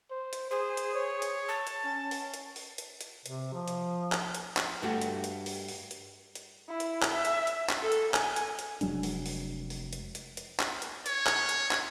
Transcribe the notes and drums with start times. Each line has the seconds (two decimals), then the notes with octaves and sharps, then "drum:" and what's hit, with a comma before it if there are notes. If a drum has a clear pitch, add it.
0.11 C5
0.33 drum: hi-hat
0.51 G#4 C5
0.77 drum: hi-hat
0.95 C#5
1.22 drum: hi-hat
1.48 A5
1.67 drum: hi-hat
1.84 C#4
2.11 drum: open hi-hat
2.34 drum: hi-hat
2.56 drum: open hi-hat
2.78 drum: hi-hat
3.01 drum: hi-hat
3.26 C3, drum: hi-hat
3.53 F3
3.68 drum: hi-hat
4.12 drum: clap
4.35 drum: hi-hat
4.57 drum: clap
4.82 G2 G3 A3 F#4
5.01 drum: hi-hat
5.24 drum: hi-hat
5.46 drum: open hi-hat
5.68 drum: open hi-hat
5.91 drum: hi-hat
6.35 drum: hi-hat
6.69 E4
6.80 drum: hi-hat
7.02 drum: clap
7.14 E5
7.25 drum: hi-hat
7.47 drum: hi-hat
7.69 drum: clap
7.82 A4
7.92 drum: hi-hat
8.14 G#5, drum: clap
8.36 drum: hi-hat
8.59 drum: hi-hat
8.81 F1 F#3 G#3 D4, drum: hi-hat
9.03 drum: open hi-hat
9.26 drum: open hi-hat
9.70 drum: open hi-hat
9.93 drum: hi-hat
10.15 drum: hi-hat
10.37 drum: hi-hat
10.60 drum: clap
10.82 drum: hi-hat
11.06 C#5, drum: hi-hat
11.27 drum: clap
11.49 drum: hi-hat
11.71 drum: clap